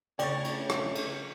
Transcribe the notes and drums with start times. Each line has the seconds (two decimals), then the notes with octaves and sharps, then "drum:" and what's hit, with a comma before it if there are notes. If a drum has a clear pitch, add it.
0.19 C#3 A3 C#5 D5 G5 C#6 A6, drum: cymbal
0.44 drum: cymbal
0.70 drum: rim click
0.95 drum: cymbal